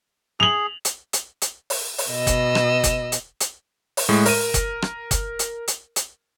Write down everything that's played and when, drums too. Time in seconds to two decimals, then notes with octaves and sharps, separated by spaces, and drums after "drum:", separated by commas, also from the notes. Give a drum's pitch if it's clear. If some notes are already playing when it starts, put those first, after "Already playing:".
0.40 G#4 F7 F#7
0.85 drum: hi-hat
1.13 drum: hi-hat
1.42 drum: hi-hat
1.70 drum: open hi-hat
1.98 drum: open hi-hat
2.10 B2 D#5 E6
2.27 drum: kick F#1, hi-hat
2.55 drum: rim click
2.84 drum: kick F#1, hi-hat
3.12 drum: hi-hat
3.40 drum: hi-hat
3.97 drum: open hi-hat
4.09 A2 G#3
4.26 A#4 D#7, drum: open hi-hat
4.54 drum: kick F#1, hi-hat
4.82 drum: rim click
5.11 drum: kick F#1, hi-hat
5.39 drum: hi-hat
5.68 drum: hi-hat
5.96 drum: hi-hat